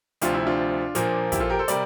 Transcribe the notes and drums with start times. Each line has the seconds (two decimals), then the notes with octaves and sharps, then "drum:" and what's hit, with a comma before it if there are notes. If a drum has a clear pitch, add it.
0.21 D2 C3 F3 D4 F4, drum: hi-hat
0.34 E4
0.47 D4 F4
0.95 A#2 F3 A#3, drum: hi-hat
1.32 E4 G4, drum: kick, hi-hat
1.40 F4 A4
1.50 G4 A#4
1.59 A4 C5
1.68 C3 G3 A#4 D5, drum: hi-hat